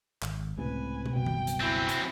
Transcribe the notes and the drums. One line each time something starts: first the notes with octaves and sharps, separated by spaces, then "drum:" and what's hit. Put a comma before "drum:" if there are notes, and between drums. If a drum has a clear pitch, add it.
G#1, drum: clap
C#2 A2 C3 B4 G#5
drum: tom
F#1 C2 B2 G5
drum: tom D#3
drum: hi-hat
F#3 C4 E4 G#5
drum: hi-hat